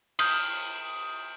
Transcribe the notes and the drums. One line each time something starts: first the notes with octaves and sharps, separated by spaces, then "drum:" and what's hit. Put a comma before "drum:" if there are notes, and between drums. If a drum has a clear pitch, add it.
D#6 F6 G6, drum: cymbal